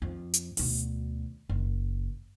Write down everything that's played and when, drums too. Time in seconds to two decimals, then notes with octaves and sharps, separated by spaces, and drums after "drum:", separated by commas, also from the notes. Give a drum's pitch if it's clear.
0.02 F2
0.34 drum: hi-hat
0.57 D2 B2, drum: open hi-hat
1.49 F#1